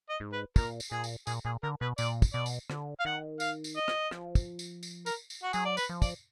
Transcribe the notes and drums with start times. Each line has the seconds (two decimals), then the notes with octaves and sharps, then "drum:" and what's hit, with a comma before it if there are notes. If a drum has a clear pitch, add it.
0.10 D#5
0.20 G#2
0.33 B4
0.56 A#2 A#4, drum: kick, tambourine
0.80 drum: tambourine
0.91 A#2 G#4
1.04 drum: tambourine
1.27 A#2 G#4, drum: tambourine
1.45 A#2 G#4
1.63 D3 A#4
1.81 B2 B4
1.98 A#2 D5, drum: tambourine
2.22 drum: kick, tambourine
2.33 B2 D5
2.46 drum: tambourine
2.70 D3, drum: rim click
3.00 F5
3.05 D#3 F#5
3.40 F5, drum: tambourine
3.64 drum: tambourine
3.76 D#5
3.88 drum: rim click
4.11 F3, drum: rim click
4.35 drum: kick, tambourine
4.59 drum: tambourine
4.83 drum: tambourine
5.06 A#4, drum: tambourine
5.30 drum: tambourine
5.43 F#4
5.53 F#3 G#4, drum: tambourine
5.65 D5
5.77 B4, drum: tambourine
5.89 F3
6.02 D5, drum: kick, tambourine